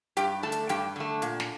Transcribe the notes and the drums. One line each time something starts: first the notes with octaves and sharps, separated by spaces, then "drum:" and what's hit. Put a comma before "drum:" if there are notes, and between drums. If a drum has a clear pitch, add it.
G2 G4 G5, drum: hi-hat
D3 A3 A4 A5
drum: hi-hat
G2 G4 G5, drum: hi-hat
D3 A3
A#2, drum: hi-hat
drum: snare